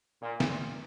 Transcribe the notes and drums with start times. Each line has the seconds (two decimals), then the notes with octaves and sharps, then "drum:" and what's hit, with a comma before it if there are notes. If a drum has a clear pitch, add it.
0.20 A#2
0.40 drum: snare